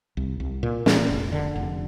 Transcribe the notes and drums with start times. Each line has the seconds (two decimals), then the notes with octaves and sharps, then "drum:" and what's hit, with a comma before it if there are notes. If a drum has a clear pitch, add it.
0.17 C2
0.40 C2
0.63 A#2
0.86 A#2, drum: snare
1.09 F1
1.32 D3
1.56 F1